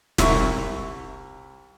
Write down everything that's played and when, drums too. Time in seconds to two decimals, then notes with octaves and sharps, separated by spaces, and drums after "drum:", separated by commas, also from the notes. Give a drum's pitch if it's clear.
0.18 C2 E5 C#6, drum: snare